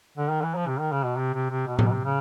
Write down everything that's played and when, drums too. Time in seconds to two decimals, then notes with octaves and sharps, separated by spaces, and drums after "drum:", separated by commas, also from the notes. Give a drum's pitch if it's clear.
0.17 D3
0.30 D#3
0.42 E3
0.55 F3
0.67 C3
0.79 D#3
0.92 C#3
1.04 B2
1.16 C3
1.34 C3
1.50 C3
1.66 B2
1.79 C3, drum: tom A2
1.87 B2
1.91 C3
2.04 C#3